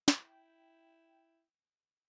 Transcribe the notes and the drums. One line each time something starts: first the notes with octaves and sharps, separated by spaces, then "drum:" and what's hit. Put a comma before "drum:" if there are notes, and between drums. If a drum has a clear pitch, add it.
E4 G5, drum: snare